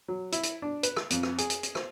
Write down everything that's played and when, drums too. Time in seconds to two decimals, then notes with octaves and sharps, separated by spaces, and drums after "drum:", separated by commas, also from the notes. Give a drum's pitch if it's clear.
0.08 F#3
0.32 E4, drum: hi-hat
0.43 drum: hi-hat
0.62 D4
0.83 B4, drum: hi-hat
0.97 drum: rim click
1.10 F2, drum: hi-hat
1.23 drum: rim click
1.38 G#4, drum: hi-hat
1.50 drum: hi-hat
1.63 drum: hi-hat
1.75 C5, drum: rim click